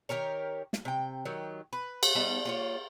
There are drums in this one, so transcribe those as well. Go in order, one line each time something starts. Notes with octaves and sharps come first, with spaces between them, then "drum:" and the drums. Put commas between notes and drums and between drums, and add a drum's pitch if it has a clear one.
D#3 G4 A#4 C#5
drum: snare
C3 G5
D#3 F#3 G4
B4
drum: cymbal
G3 B3 D#4 A5
A#3 F4 C#5